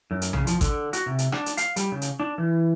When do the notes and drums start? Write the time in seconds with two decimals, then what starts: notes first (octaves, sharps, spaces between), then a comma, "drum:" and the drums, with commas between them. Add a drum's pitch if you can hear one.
0.11 F#2
0.22 drum: hi-hat
0.33 C#3, drum: tom A#1
0.47 F3, drum: hi-hat
0.61 D3, drum: kick G#1, hi-hat
0.93 F#4, drum: hi-hat
1.06 C3
1.18 drum: hi-hat
1.32 D4, drum: rim click
1.46 drum: hi-hat
1.57 F5, drum: hi-hat
1.76 G3, drum: hi-hat
1.92 C#3
2.02 drum: hi-hat
2.20 D4
2.38 E3